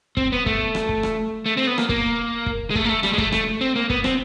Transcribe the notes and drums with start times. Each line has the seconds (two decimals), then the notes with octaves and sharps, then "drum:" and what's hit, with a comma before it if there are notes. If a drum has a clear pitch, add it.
0.17 C4, drum: kick
0.32 B3
0.46 A3, drum: kick
0.75 drum: rim click
0.89 drum: kick
1.03 drum: rim click
1.46 A3
1.57 C4
1.67 B3
1.78 A#3, drum: rim click
1.89 A#3, drum: kick
2.46 drum: kick
2.70 G#3
2.75 A3, drum: kick
2.85 A#3
2.89 A3
3.03 G3, drum: rim click
3.13 G#3
3.18 A3, drum: kick
3.32 A3, drum: rim click
3.61 C4
3.75 A#3
3.90 B3, drum: kick
4.04 C4, drum: rim click